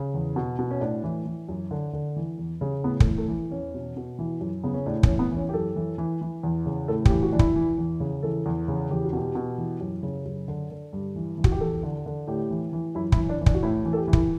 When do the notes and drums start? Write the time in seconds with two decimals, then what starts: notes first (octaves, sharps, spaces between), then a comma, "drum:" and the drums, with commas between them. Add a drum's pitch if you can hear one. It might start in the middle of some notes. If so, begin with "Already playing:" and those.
Already playing: C#3
0.14 E2
0.36 B2
0.59 B2
0.71 C#4
0.81 A2 D4
1.04 E3
1.26 E3
1.49 F#2
1.71 D3
1.93 D3
2.16 E3
2.38 E2
2.61 C#3
2.84 A2 B3
3.00 A3, drum: kick
3.06 E3
3.18 A3
3.28 E3
3.51 E2 C#4
3.74 B2
3.97 B2
4.19 E3
4.41 F#2
4.64 C#3 B3
4.74 C#4
4.86 A2 D4
5.03 C#4, drum: kick
5.08 E3
5.19 B3
5.31 E3 C#4
5.49 G4
5.53 F#2 A4
5.76 E3
5.98 E3
6.21 E3
6.43 E2
6.66 C#3
6.88 A2 A4
7.05 G4, drum: kick
7.10 E3
7.22 F#4
7.32 E3 D4
7.39 E4, drum: kick
7.56 E3
7.78 E2
8.00 C#3
8.23 E3 A4
8.46 E2
8.68 C#3
8.91 E2 G4
9.04 F#4
9.13 B2 G4
9.35 B2
9.58 E3
9.81 F#2
10.03 C#3
10.25 F#2
10.48 D3
10.71 D3
10.93 G2
11.16 E3
11.38 E3
11.44 F#4, drum: kick
11.52 G4
11.60 E2 A4
11.83 D3
12.06 D3
12.27 A2 G4
12.51 E3
12.73 E3
12.95 F#2 E4
13.12 E4, drum: kick
13.18 E3
13.29 D4
13.41 E3
13.46 D4, drum: kick
13.54 F#4
13.63 A2 E4
13.85 E3
13.93 A4
13.97 G4
14.08 E3
14.13 E4, drum: kick